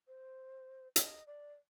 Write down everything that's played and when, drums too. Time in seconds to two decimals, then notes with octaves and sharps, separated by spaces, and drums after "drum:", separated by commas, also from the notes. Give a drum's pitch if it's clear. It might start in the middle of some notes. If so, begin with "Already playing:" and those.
0.07 C5
0.96 D#5, drum: hi-hat
1.26 D5